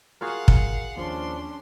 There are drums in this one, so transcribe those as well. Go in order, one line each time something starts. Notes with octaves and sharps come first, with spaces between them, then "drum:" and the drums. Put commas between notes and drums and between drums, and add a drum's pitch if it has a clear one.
F4 F#4 G#4 A#4 F5 F#5
drum: kick
D#2 F3 C#4 D4 C6